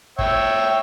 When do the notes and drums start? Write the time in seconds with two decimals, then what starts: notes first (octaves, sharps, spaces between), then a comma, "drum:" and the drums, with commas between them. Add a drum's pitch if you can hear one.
0.19 C#5 E5 G5, drum: kick